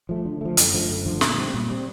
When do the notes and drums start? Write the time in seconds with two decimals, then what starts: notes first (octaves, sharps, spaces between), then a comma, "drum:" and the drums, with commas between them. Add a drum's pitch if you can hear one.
0.09 F3 A3
0.25 D3
0.41 F3 A3
0.57 F#2, drum: hi-hat
0.74 D3 F3 A3
0.89 F#2
1.06 D3 F3 A3
1.21 A#2, drum: snare
1.38 G3 C4
1.54 A#2
1.70 G3 C4